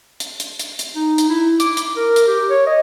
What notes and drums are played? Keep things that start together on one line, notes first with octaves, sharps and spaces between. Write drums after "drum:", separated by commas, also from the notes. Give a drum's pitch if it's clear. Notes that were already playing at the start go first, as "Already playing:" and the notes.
drum: hi-hat
drum: hi-hat
drum: hi-hat
drum: hi-hat
D#4
drum: hi-hat
E4
D6, drum: hi-hat
drum: hi-hat
A#4
drum: hi-hat
G4
C#5
D#5